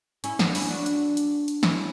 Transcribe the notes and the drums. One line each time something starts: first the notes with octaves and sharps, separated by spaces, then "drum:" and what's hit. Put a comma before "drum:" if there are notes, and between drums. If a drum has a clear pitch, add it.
C#4 E4, drum: hi-hat
B3 D4, drum: snare
C#4 E4, drum: open hi-hat
D4 F#4
drum: hi-hat
drum: hi-hat
drum: hi-hat
C#4 E4, drum: snare